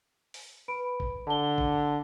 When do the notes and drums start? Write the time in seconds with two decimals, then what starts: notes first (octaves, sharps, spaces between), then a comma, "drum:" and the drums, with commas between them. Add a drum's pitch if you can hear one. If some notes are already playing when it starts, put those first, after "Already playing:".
0.34 drum: open hi-hat
0.68 B4 B5 D7
1.00 drum: kick G#1
1.27 D3 A5 G7
1.58 drum: kick G#1